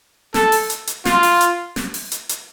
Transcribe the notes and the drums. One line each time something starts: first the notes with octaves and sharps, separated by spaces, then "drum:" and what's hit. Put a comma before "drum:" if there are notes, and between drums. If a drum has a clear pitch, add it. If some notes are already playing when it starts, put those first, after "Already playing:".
A4, drum: snare
drum: open hi-hat
drum: hi-hat
drum: hi-hat
F4, drum: snare
drum: open hi-hat
drum: hi-hat
drum: snare
drum: open hi-hat
drum: hi-hat
drum: hi-hat